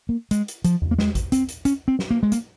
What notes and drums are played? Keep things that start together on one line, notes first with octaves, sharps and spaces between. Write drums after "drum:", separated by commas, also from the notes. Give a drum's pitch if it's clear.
A#3
G#3, drum: hi-hat
drum: hi-hat
F3, drum: hi-hat
drum: tom E2
A#3
G#3, drum: snare
drum: kick, hi-hat
C4, drum: hi-hat
drum: hi-hat
C#4, drum: hi-hat
C4
drum: snare
A#3
G#3
A#3, drum: hi-hat